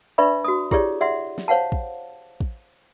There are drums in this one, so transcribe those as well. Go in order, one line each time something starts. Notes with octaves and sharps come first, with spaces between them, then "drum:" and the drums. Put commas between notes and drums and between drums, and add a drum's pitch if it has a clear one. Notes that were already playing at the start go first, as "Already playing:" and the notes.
D4 B4 D5 E5 B5 C#6
F#4 D#6
E4 G4 G#4 C#5 D5, drum: kick
D5 E5 F#5 C6
drum: snare
C5 C#5 F5 F#5 A5
drum: kick
drum: kick